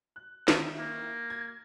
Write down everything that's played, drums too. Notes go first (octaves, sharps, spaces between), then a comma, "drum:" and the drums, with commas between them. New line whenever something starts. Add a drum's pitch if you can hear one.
F#6
D#3 E4, drum: snare
A#3
G#6